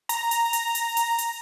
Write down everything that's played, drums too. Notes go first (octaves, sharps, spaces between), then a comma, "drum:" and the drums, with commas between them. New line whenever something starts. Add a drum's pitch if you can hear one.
A#5, drum: hi-hat
drum: hi-hat
drum: hi-hat
drum: hi-hat
drum: hi-hat
drum: hi-hat